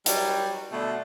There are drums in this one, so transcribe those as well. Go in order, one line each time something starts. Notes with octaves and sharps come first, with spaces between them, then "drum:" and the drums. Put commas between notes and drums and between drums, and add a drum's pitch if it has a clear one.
F#3 G3, drum: hi-hat
B2 D3 A3